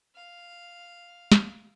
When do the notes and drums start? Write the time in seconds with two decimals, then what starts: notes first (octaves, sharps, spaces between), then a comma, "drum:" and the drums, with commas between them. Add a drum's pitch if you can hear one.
0.16 F5
1.32 drum: snare